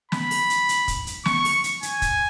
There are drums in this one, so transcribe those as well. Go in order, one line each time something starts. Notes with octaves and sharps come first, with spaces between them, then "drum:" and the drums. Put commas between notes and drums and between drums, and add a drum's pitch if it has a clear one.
B5, drum: snare
drum: open hi-hat
drum: hi-hat
drum: hi-hat
drum: kick, hi-hat
drum: hi-hat
C#6, drum: snare
drum: open hi-hat
drum: hi-hat
G#5, drum: hi-hat
drum: kick, hi-hat